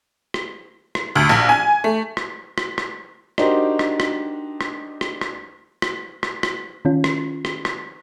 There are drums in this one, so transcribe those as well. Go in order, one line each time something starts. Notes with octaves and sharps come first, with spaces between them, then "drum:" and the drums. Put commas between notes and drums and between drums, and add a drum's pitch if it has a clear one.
drum: rim click
drum: rim click
D2
A#1
G#5
A3
drum: rim click
drum: rim click
drum: rim click
D4 D#4 F#4 G4 A#4 C5, drum: rim click
drum: rim click
drum: rim click
drum: rim click
drum: rim click
drum: rim click
drum: rim click
drum: rim click
drum: rim click
D#3 C#4 F4
drum: rim click
drum: rim click
drum: rim click